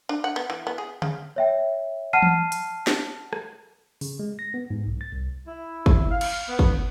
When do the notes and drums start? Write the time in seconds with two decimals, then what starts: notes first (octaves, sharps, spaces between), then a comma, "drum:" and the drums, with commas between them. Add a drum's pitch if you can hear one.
0.09 D4
0.24 F#5
0.36 B3
0.50 E3
0.67 B3
0.78 G#4
1.02 C#3, drum: tom D3
1.36 C#5 E5 G5
2.13 F#5 A5 F6 C7 D#7
2.22 drum: tom E3
2.52 drum: hi-hat
2.87 drum: snare
3.33 drum: rim click
4.01 C#3, drum: open hi-hat
4.19 G#3
4.39 A#6
4.54 B3
4.70 G#2
4.87 B1
5.01 A6
5.12 C2
5.47 E4
5.86 drum: kick
6.11 F5
6.21 drum: cymbal
6.49 B3
6.59 drum: kick